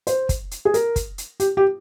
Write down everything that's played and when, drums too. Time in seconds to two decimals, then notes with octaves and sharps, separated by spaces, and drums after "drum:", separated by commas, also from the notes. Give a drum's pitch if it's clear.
0.07 C5, drum: hi-hat
0.29 drum: kick, hi-hat
0.51 drum: hi-hat
0.65 G#4
0.74 A#4, drum: hi-hat
0.96 drum: kick, hi-hat
1.18 drum: hi-hat
1.40 G4, drum: hi-hat
1.57 G4